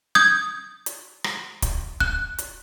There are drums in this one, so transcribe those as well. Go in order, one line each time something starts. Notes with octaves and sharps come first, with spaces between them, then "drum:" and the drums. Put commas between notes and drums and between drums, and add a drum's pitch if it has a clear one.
D#6 G6 G#6
drum: hi-hat
drum: rim click
drum: kick, hi-hat
F#6, drum: kick
drum: hi-hat